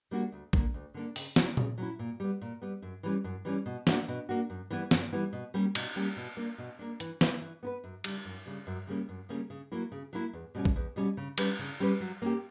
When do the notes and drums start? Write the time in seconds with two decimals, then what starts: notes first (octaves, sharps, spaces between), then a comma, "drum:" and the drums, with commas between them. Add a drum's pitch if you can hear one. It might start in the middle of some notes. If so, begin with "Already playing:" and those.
0.11 G3 A#3 D4 F#4
0.32 D2
0.53 D3 A#3 D4, drum: kick A#1
0.74 D2
0.94 D3 A#3 D4
1.16 C#3, drum: open hi-hat
1.36 F#3 C#4 E4, drum: snare
1.57 C#3, drum: tom A#2
1.78 F#3 C#4 E4
1.99 A#2
2.20 G3 B3
2.41 A#2
2.62 G3 B3
2.82 F#2
3.03 E3 G3 C#4
3.24 F#2
3.45 E3 G3 C#4
3.66 B2
3.87 A#3 D4 F#4, drum: snare
4.08 B2
4.29 A#3 D4 F#4
4.50 F#2
4.71 E3 G3 B3 E4
4.91 F#2, drum: snare
5.12 E3 G3 B3 E4
5.33 B2
5.54 G3 A#3 C#4 G4
5.75 B2, drum: cymbal
5.96 G3 A#3 C#4 G4
6.17 B2
6.37 A#3 D4
6.58 B2
6.79 A#3 D4
7.00 E3, drum: hi-hat
7.21 B3 E4 B4, drum: snare
7.42 E3
7.63 B3 E4 B4
7.84 F#2
8.04 C#3 G3, drum: cymbal
8.25 F#2
8.46 C#3 G3
8.67 F#2
8.87 C#3 G3 A#3 C#4
9.09 F#2
9.29 C#3 G3 A#3 C#4
9.50 C#3
9.72 F#3 A#3 E4
9.92 C#3
10.13 F#3 A#3 E4
10.33 E2
10.55 B2 G3 C#4
10.65 drum: kick A#1
10.76 E2
10.96 B2 G3 C#4
11.17 C#3
11.38 G3 C#4 G4 B4, drum: cymbal
11.59 C#3
11.80 G3 C#4 G4 B4
12.00 F#3
12.22 A#3 C#4 G4